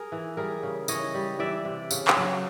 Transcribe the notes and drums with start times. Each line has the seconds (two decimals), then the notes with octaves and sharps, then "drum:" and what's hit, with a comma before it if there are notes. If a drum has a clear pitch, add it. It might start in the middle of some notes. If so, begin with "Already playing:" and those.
Already playing: G#4 A#4
0.12 E3
0.37 G3 G#4 A#4
0.63 C#3
0.88 E3 C#5 D#5, drum: tambourine
1.14 G3
1.39 E3 D5 E5
1.65 C3
1.91 C#3, drum: tambourine
2.07 drum: clap
2.17 F#3